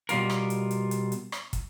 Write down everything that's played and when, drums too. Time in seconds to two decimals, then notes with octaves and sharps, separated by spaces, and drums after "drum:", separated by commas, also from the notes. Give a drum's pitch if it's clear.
0.09 B2 G3 F4 A#4, drum: hi-hat
0.30 drum: rim click
0.50 drum: hi-hat
0.71 drum: hi-hat
0.91 drum: hi-hat
1.12 drum: hi-hat
1.32 drum: rim click
1.53 drum: kick, hi-hat